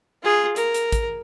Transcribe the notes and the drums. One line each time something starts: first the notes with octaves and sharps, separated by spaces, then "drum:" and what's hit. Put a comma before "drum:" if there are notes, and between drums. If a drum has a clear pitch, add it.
F4 G#4
A#4, drum: hi-hat
drum: hi-hat
drum: kick A1, hi-hat